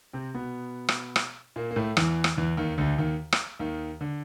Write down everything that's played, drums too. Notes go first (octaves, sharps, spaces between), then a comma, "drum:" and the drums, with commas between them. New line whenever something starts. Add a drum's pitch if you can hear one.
C3 C4
B2 B3
drum: rim click
drum: rim click
A#2 A#3
A#3
A2 A3
E2 E3, drum: rim click
drum: rim click
E2 E3
D#2 D#3
D2 D3
D#2 D#3
drum: rim click
D#2 D#3
D3